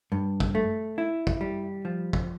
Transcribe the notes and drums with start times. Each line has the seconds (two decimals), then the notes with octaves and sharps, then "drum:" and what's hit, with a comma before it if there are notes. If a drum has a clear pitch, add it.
0.12 G2
0.40 drum: kick
0.55 A3
0.98 E4
1.27 drum: kick
1.41 G3
1.85 F3
2.13 drum: kick